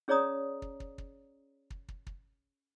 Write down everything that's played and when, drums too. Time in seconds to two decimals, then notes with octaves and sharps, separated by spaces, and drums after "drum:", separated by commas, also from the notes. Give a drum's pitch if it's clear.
0.08 C#4 G#4 C#5 D5 A#5 D#6
0.62 drum: kick
0.80 drum: kick
0.98 drum: kick
1.70 drum: kick
1.89 drum: kick
2.07 drum: kick